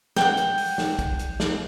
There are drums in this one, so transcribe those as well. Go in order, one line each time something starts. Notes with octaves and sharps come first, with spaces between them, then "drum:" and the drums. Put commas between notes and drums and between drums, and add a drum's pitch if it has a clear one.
F#5 G5, drum: snare
drum: hi-hat
drum: open hi-hat
drum: snare
drum: kick, hi-hat
drum: hi-hat
drum: snare